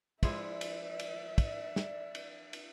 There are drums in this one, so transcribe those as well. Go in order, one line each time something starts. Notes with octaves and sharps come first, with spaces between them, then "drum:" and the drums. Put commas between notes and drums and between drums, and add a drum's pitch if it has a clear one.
F3 G#3 E4 D5 E5, drum: kick, cymbal
drum: cymbal
drum: cymbal
drum: kick, cymbal
drum: snare
drum: cymbal
drum: cymbal